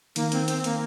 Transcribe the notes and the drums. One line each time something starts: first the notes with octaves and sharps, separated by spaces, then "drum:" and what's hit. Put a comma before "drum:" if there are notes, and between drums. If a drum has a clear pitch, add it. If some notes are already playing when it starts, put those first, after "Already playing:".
D#3 A#3, drum: hi-hat
C4, drum: hi-hat
C4, drum: hi-hat
A#3, drum: hi-hat